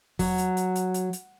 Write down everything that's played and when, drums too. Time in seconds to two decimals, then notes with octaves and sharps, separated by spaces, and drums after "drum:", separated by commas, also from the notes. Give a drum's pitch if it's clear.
0.19 F#3, drum: kick E2, open hi-hat
0.38 drum: hi-hat
0.57 drum: hi-hat
0.75 drum: hi-hat
0.94 drum: hi-hat
1.13 drum: hi-hat